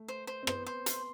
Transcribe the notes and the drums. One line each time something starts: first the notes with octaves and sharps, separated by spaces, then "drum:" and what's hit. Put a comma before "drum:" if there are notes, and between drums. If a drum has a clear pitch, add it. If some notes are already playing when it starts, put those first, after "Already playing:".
Already playing: A3
C5
C5
C4
B3 C5, drum: rim click
C5
C6, drum: hi-hat